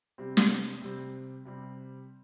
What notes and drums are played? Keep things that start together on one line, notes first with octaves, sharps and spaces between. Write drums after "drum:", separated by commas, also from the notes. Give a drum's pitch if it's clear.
C3 G3 C4
drum: snare
C3 G3 C4
C3 G3 C4